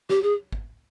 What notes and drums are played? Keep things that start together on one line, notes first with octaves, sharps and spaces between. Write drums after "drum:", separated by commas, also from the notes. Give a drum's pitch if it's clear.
G4, drum: snare
G#4
drum: kick